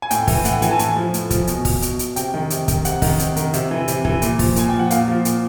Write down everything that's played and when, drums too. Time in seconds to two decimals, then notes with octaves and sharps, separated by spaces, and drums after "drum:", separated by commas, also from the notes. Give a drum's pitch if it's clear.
0.02 G#5
0.11 A2 G5, drum: hi-hat
0.27 E3, drum: kick, open hi-hat
0.45 A2 F#5, drum: hi-hat
0.53 G5
0.62 E3 G#5, drum: hi-hat
0.71 A5
0.79 A2 G#5, drum: hi-hat
0.96 F3
1.14 A2, drum: hi-hat
1.30 F3, drum: kick, hi-hat
1.47 B2, drum: hi-hat
1.65 drum: kick, open hi-hat
1.82 B2, drum: hi-hat
1.99 drum: hi-hat
2.16 C3 G5, drum: hi-hat
2.34 D#3
2.50 C3, drum: hi-hat
2.68 D#3, drum: kick, hi-hat
2.85 C3 F#5, drum: hi-hat
3.02 D#3, drum: kick, open hi-hat
3.19 C3, drum: hi-hat
3.36 D#3, drum: hi-hat
3.53 C3 E5, drum: hi-hat
3.71 E3
3.88 C3, drum: hi-hat
4.05 E3, drum: kick
4.22 A#2, drum: hi-hat
4.39 F3, drum: kick, open hi-hat
4.56 A#2 G#5, drum: hi-hat
4.69 F3 G5
4.79 F#5
4.90 A#2 F5, drum: hi-hat
5.08 F3
5.25 A#2, drum: hi-hat